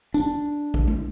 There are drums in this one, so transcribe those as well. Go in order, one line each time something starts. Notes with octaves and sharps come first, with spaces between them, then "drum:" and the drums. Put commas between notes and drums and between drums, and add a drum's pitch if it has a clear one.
D4, drum: tambourine
drum: kick
drum: tom G#3